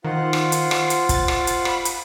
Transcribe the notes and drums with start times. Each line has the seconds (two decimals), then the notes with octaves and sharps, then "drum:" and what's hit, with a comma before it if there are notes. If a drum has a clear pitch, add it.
0.04 D#3 F4 C5 F#5
0.33 drum: rim click
0.52 drum: hi-hat
0.71 drum: rim click
0.90 drum: hi-hat
1.09 A6, drum: kick, hi-hat
1.28 drum: rim click
1.47 drum: hi-hat
1.65 B5, drum: rim click
1.85 drum: hi-hat